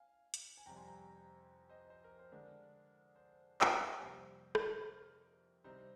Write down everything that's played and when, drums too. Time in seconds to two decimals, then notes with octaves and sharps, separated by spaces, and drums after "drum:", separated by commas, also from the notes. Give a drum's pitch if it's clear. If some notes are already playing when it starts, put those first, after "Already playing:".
Already playing: F5 G#5
0.34 drum: hi-hat
0.57 G#5
0.66 F2 C3 G3 G5 A#5
0.76 G#5 C6
0.87 G5 A#5
1.69 C5 D#5
1.90 C5
2.04 A#4
2.19 C5
2.32 D3 G#3 D4 A#4
3.16 C5
3.61 drum: clap
3.98 F2 C3 G3 A#3 C5
4.55 drum: rim click
4.81 A#4
5.64 C3 G3 C4 D#4 C5